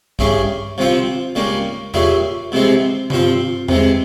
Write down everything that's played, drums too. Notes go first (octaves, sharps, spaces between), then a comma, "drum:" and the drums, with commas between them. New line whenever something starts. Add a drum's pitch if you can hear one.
G2 G3 C#4 E4 G#4, drum: kick
C2 C3 F3 C4 F4
C#2 C#3 G3 A#3 C#4
A#2 G3 C#4 E4 G#4, drum: tom E2
C2 C3 E3 G#3 C4
G2 F3 C4 F4, drum: tom C3
C3 E3 G#3, drum: tom E2